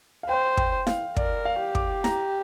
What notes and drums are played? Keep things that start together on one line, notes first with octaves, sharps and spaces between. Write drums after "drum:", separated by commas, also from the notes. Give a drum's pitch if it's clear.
F5
C5 G5
G5, drum: kick
F5, drum: snare E4
A#4 D5, drum: kick
F5
G4
D6, drum: kick
A#5, drum: snare E4